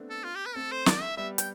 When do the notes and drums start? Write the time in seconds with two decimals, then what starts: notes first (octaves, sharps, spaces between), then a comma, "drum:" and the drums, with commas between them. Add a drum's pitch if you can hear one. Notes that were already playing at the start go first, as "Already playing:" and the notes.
Already playing: A3 B3 C4 D4
0.10 A4
0.24 F4
0.35 G4
0.46 B4
0.55 A3 C4 A4
0.72 C5
0.86 D5, drum: snare
1.02 E5
1.17 G3 B3 E5
1.38 G5, drum: hi-hat